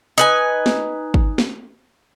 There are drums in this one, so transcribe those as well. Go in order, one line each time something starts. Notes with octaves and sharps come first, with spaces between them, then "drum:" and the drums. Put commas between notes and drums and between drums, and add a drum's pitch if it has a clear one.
D#4 B4 G#5
drum: snare
drum: kick
drum: snare